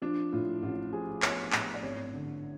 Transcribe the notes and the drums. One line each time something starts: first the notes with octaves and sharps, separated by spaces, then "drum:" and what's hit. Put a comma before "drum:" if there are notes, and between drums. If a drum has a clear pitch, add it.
F3 D4
A2 F4
A1 F4
F3 G#4
B3 C#5, drum: clap
A2, drum: clap
D5
G#1 C#5
D3